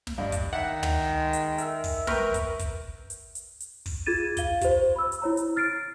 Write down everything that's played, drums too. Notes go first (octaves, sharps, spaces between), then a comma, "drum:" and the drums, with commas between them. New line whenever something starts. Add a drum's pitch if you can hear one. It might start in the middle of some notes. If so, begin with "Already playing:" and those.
drum: snare
G2 D4 D#5
drum: kick, hi-hat
D#3 E5 F#5
drum: tom
G#3
drum: hi-hat
A#4 E5, drum: hi-hat
drum: kick, open hi-hat
A#4 B4 G5 C#6 G6, drum: snare
drum: kick, hi-hat
drum: kick, hi-hat
drum: hi-hat
drum: hi-hat
drum: hi-hat
drum: kick, open hi-hat
F4 G#4 G#6 A6 D#7 E7
F5 G7, drum: kick, hi-hat
G4 C5, drum: kick, hi-hat
B5 E6
drum: hi-hat
E4 C#5 A#5
drum: hi-hat
F6 A6 C7 D7